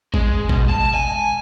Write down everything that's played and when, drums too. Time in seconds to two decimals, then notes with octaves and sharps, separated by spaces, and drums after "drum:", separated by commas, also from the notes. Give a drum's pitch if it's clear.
0.14 G#3, drum: kick G#1
0.49 B2, drum: kick G#1
0.70 A5
0.95 G#5